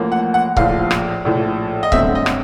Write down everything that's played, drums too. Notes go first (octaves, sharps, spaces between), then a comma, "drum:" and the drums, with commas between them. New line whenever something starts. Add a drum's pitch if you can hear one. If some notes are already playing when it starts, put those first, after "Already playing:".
Already playing: A1 A2 F3 A#3
F#5
F#5
A#1 A2 F3 F5, drum: kick C#1
drum: rim click
A#1 A2 F3
D#5
G2 D3 F#3 A3 C4 E5, drum: kick C#1
D#5
drum: rim click